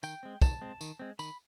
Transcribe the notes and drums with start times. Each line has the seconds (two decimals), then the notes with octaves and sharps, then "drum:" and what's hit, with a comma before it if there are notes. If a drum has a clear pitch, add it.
0.03 D#3 G5, drum: tambourine
0.23 G#3 C4
0.42 D#3 A5, drum: kick, tambourine
0.61 G#3 C4
0.81 D#3, drum: tambourine
0.99 G#3 C4
1.19 D#3 B5, drum: tambourine